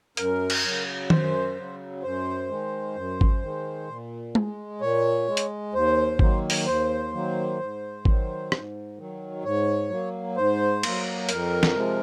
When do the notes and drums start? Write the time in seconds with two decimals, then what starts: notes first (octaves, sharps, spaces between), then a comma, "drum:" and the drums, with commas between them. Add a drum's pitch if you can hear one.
0.17 F#2 A#4, drum: hi-hat
0.50 drum: cymbal
0.64 C#3 F#3
1.10 F#2 C5, drum: tom D#3
1.57 C#3 F#3
2.03 F#2 C5
2.49 D#3 G#3
2.96 F#2
3.21 drum: kick G#1
3.42 D#3 G#3
3.88 A#2
4.35 G#3, drum: tom G#3
4.81 A#2 C#5
5.28 G#3
5.37 drum: hi-hat
5.73 D#2 C5
6.19 D#3 F#3 A#3, drum: kick G#1
6.50 drum: open hi-hat
6.66 D#2 C5
7.12 D#3 F#3 A#3
7.59 G#2
8.05 D#3 F#3, drum: kick G#1
8.52 G#2, drum: rim click
8.98 D#3 F#3
9.44 G#2 C#5
9.90 F#3 A#3
10.37 G#2 C5
10.83 F#3 A#3, drum: cymbal
11.29 F2 A#4, drum: hi-hat
11.63 drum: snare
11.75 C3 F3 G#3